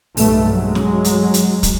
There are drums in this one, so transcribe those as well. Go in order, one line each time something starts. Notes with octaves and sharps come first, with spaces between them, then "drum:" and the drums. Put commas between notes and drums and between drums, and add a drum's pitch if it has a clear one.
B1 G2 B2 A3, drum: open hi-hat
F#3 G#3
drum: snare
drum: hi-hat
drum: hi-hat
drum: kick, hi-hat